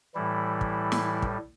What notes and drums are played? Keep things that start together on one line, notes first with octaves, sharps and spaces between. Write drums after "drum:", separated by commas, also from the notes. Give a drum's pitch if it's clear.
A2 E3 G3 E4
drum: kick
drum: snare
drum: kick